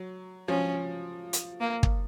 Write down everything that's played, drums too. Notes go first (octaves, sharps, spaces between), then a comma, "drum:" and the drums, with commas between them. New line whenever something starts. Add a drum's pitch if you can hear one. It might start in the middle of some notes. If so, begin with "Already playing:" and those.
Already playing: F#3
F3 C#4
drum: hi-hat
A#3
drum: kick